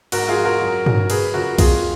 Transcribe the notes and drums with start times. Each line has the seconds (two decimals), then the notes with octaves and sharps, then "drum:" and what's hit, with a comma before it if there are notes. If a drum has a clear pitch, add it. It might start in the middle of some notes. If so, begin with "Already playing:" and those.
0.12 G#2 F#4 A#4, drum: cymbal
0.28 F4 G#4
0.37 F3
0.45 F#4 A#4
0.62 F#2
0.86 C#3 F#3, drum: tom
1.10 F#2 G#4 B4, drum: cymbal
1.34 C#3 F3 F#4 A#4
1.58 F2 F4 G#4, drum: kick B1, cymbal